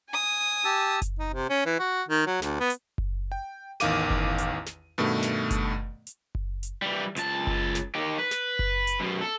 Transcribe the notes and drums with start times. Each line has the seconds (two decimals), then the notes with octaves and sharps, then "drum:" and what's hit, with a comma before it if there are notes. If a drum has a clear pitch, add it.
0.10 G#5 D#6
0.65 G4 A5 E6
1.02 drum: kick F#1, hi-hat
1.19 D#4
1.33 C3
1.50 C#4
1.66 E3
1.79 F#4
2.09 D#3
2.27 F#3
2.42 D2, drum: snare
2.60 B3
2.70 drum: hi-hat
2.98 drum: kick F#1
3.32 G5
3.80 A1 E2 D#3 F5 D6 D#7, drum: snare
4.10 drum: kick F#1
4.38 drum: hi-hat
4.66 drum: snare
4.98 G2 B2 D#3 A3
5.22 drum: snare
5.51 drum: kick F#1, hi-hat
6.07 drum: hi-hat
6.35 drum: kick F#1
6.63 drum: hi-hat
6.82 E3 G3
7.16 C#2 A5, drum: hi-hat
7.47 drum: kick F#1
7.75 drum: snare
7.95 D#3 G4
8.19 B4
8.31 drum: snare
8.59 drum: kick F#1
8.87 drum: hi-hat
9.00 F#2 B2
9.21 A4